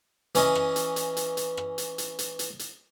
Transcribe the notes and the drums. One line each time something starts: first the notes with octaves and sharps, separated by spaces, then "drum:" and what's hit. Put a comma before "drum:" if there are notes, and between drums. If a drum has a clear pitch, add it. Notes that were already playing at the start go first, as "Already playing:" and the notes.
E3 C#4 D#5, drum: hi-hat
drum: rim click
drum: hi-hat
drum: hi-hat
drum: hi-hat
drum: hi-hat
drum: rim click
drum: hi-hat
drum: hi-hat
drum: hi-hat
drum: hi-hat
drum: hi-hat